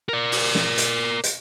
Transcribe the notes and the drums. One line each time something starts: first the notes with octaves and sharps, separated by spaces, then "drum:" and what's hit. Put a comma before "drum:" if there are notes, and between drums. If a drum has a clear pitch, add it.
A#4 D5
drum: open hi-hat
drum: snare
drum: hi-hat
drum: hi-hat